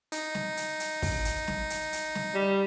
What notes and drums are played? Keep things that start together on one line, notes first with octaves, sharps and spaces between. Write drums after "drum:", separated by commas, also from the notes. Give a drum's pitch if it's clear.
D#4, drum: hi-hat
drum: snare
drum: hi-hat
drum: hi-hat
drum: kick, open hi-hat
drum: hi-hat
drum: snare
drum: hi-hat
drum: hi-hat
drum: snare
G3